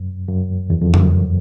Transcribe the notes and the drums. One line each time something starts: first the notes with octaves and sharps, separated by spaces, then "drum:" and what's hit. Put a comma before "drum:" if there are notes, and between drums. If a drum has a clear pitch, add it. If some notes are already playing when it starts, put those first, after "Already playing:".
Already playing: F#2
F#2
E2
F2
F#2, drum: tom F2